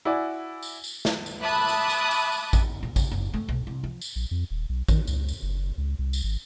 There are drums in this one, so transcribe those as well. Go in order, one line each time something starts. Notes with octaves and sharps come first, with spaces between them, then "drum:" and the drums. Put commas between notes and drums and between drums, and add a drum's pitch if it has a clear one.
E4 F#4 D5 G#5
drum: tambourine
drum: tambourine
drum: snare
drum: tambourine
E5 A5 B5 D6 D#6 F#6
drum: tambourine
drum: tambourine
drum: tambourine
drum: tambourine
drum: kick A1, tambourine
A#2
C#3, drum: kick A1, tambourine
F#1
A3
B1
C2
F3
drum: tambourine
A#1
F2
D#1
B1
D#3, drum: kick A1, tambourine
C#2, drum: tambourine
drum: tambourine
F#1
C#2
C2
drum: tambourine
G#1